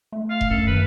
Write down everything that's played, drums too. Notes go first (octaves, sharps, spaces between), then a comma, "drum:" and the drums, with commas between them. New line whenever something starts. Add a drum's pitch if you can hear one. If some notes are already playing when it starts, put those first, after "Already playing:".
A3
F5
drum: kick E1
F#2 A4
D#3 B4